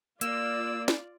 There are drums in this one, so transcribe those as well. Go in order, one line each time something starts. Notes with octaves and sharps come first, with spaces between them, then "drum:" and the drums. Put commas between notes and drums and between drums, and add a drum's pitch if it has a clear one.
A#3 F4 D5 E6, drum: hi-hat
drum: snare